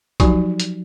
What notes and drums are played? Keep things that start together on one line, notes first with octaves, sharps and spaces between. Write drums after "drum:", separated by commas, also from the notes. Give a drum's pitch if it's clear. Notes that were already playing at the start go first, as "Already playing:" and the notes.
F3 F#3 D#4 F#4 G4 G#5, drum: kick B1, hi-hat
drum: hi-hat